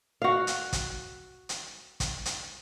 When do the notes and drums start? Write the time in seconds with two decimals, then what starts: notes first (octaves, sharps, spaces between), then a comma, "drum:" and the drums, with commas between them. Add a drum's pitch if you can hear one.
0.22 F#4 F5
0.47 drum: hi-hat
0.73 drum: kick, hi-hat
1.49 drum: hi-hat
2.00 drum: kick, hi-hat
2.25 drum: hi-hat